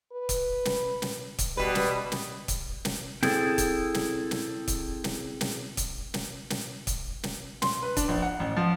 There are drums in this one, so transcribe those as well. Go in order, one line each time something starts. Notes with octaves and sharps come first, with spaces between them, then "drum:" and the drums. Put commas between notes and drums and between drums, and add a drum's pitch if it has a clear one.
B4
drum: kick C#1, hi-hat
drum: snare
drum: snare
drum: kick C#1, hi-hat
B2 G3 B4
drum: snare
drum: snare
drum: kick C#1, hi-hat
drum: snare
C4 E4 G#4 A4, drum: snare
drum: kick C#1, hi-hat
drum: snare
drum: snare
drum: kick C#1, hi-hat
drum: snare
drum: snare
drum: kick C#1, hi-hat
drum: snare
drum: snare
drum: kick C#1, hi-hat
drum: snare
C6, drum: snare
B4
D4, drum: kick C#1, hi-hat
A#1
F#5
A1
F3